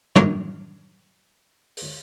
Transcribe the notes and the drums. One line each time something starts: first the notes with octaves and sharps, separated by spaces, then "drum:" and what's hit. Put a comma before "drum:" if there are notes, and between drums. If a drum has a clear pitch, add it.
F#2 A#3 A#4 C#5, drum: tom
drum: open hi-hat